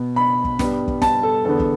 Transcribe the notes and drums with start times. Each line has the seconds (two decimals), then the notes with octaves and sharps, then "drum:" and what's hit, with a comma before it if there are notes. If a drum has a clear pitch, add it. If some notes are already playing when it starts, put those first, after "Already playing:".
Already playing: B2 B3
0.16 B5
0.44 drum: kick
0.59 G2 G3 B3, drum: snare
0.88 drum: kick
1.02 A5, drum: snare
1.23 A4
1.45 E2 D3 B3 A4
1.59 drum: kick